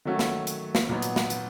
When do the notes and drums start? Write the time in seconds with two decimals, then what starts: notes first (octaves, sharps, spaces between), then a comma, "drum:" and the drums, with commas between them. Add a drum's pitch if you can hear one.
0.05 D#3 F#3 A3 C#4 F#4
0.19 drum: snare
0.47 drum: hi-hat
0.75 drum: snare
0.89 A#2 F#3 B3 D#4
1.02 drum: hi-hat
1.16 drum: snare
1.30 drum: hi-hat